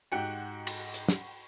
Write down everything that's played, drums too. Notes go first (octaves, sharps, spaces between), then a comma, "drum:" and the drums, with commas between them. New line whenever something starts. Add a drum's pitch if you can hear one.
G#2 F#4 G4 G5 F#6 C#7
drum: cymbal
drum: hi-hat
drum: snare